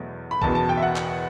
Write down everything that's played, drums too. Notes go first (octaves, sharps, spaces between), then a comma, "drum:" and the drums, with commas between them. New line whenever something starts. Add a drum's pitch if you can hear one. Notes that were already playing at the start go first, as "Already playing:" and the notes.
Already playing: E2 B2 F#3 A3
B5
F#1 E2 B2 A5, drum: kick
A5
G5
E5
F#5
drum: clap